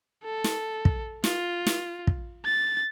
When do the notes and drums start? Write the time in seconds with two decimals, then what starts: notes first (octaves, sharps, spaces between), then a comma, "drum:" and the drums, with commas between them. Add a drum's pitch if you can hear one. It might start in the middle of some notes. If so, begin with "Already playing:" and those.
0.24 A4
0.44 drum: snare
0.85 drum: kick
1.24 F4, drum: snare
1.67 drum: snare
2.07 drum: kick
2.45 A6